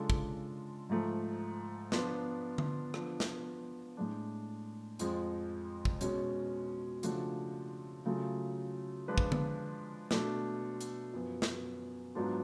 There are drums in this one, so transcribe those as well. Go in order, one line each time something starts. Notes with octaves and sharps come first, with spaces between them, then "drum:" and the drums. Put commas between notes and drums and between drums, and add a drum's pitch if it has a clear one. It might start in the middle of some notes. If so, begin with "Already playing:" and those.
Already playing: C#3 G#3 D4 F4 A4
drum: kick
G#2 F3 A3
F3 B3 D4 F4, drum: snare
drum: tom D3
F3 B3 D4, drum: rim click
drum: snare
A2 G#3 D4
F2 F3 G#3, drum: hi-hat
drum: kick
B2 G#3 C#4, drum: hi-hat
C#3 F3 A3 D4 F#4, drum: hi-hat
C#3 F#3 A3 F4
F3 G#3 D4 F4 B4
drum: kick
drum: tom D3
B2 A3 D4, drum: snare
drum: hi-hat
F#2 F3 B3
drum: snare
G#2 F#3 B3 D4 F4